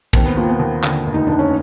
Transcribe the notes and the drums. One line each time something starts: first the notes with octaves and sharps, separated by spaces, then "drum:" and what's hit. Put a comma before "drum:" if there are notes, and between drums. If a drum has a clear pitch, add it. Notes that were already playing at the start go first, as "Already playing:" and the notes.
D#2 C4, drum: kick
B3
F3 A#3
B3
D#2
D3, drum: clap
F1
D#4
F1 D4
C#4